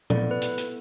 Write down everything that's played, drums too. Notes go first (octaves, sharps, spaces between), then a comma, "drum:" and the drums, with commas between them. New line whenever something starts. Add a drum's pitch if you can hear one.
B3 E4 A4 D5, drum: tom A#2
B4
drum: hi-hat
drum: hi-hat